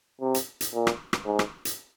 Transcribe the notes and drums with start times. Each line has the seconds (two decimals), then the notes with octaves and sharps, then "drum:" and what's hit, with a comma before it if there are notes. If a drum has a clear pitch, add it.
0.21 C3
0.34 drum: hi-hat
0.61 drum: hi-hat
0.74 A#2
0.87 drum: rim click
1.13 drum: rim click
1.26 G#2
1.39 drum: rim click
1.65 drum: hi-hat